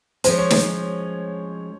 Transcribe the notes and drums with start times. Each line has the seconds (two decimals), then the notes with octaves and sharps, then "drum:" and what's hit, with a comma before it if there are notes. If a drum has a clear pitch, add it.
0.24 F3 G#3 C#4 C5, drum: hi-hat
0.38 C#5
0.51 C5, drum: snare